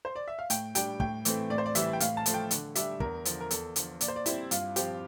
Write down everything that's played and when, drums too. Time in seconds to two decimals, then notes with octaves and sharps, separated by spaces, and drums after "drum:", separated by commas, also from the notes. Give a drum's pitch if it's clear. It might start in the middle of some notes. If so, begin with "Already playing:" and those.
0.05 C5
0.16 D5
0.28 E5
0.39 F5
0.50 A2 G5, drum: hi-hat
0.75 G3 D4 G5, drum: hi-hat
1.00 A2 G5, drum: kick
1.25 E3 A3 C4, drum: hi-hat
1.50 A2 D5
1.58 C5
1.66 D5
1.75 E3 G3 E5, drum: hi-hat
1.93 G5
2.00 A2 F5, drum: hi-hat
2.17 A5
2.26 F3 A3, drum: hi-hat
2.34 G5
2.51 D3, drum: hi-hat
2.75 G3 D4 E5, drum: hi-hat
3.00 E2 A#4, drum: kick
3.25 D3 F3, drum: hi-hat
3.41 A#4
3.51 E2 A4, drum: hi-hat
3.76 D3 F3, drum: hi-hat
4.01 A#2 D5, drum: hi-hat
4.08 C5
4.16 D5
4.26 G3 C4 E4, drum: hi-hat
4.51 G2 F4, drum: hi-hat
4.76 F3 C4 G4, drum: hi-hat